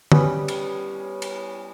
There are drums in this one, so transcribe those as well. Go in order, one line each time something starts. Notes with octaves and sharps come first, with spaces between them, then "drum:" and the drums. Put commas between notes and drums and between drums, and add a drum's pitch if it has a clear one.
G3 B3 C#4, drum: tom
drum: cymbal
drum: cymbal